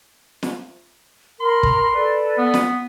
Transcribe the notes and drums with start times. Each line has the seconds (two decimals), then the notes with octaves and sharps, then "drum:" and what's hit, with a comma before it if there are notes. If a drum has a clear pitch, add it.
0.43 drum: snare
1.40 A#4 B5 C6
1.63 drum: kick
1.93 A4 B4 D5
2.38 B3
2.54 drum: snare